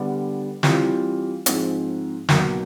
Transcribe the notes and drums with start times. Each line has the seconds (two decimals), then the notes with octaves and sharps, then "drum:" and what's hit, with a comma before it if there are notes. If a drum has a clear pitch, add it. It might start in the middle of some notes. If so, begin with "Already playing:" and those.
Already playing: D3 G3 B3 D4
0.63 E3 G3 C4 F4, drum: snare
1.46 G#2 F3 G#3 C4, drum: hi-hat
2.29 B1 B2 F#3 A#3, drum: snare